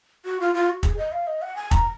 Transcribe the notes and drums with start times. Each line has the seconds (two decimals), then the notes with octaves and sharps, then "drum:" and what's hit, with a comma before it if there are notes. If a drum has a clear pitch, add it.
0.25 F#4
0.40 F4
0.54 F4
0.69 F#4
0.83 G#4, drum: kick
0.98 D#5
1.12 F5
1.27 D#5
1.42 F#5
1.56 G#5
1.71 A#5, drum: kick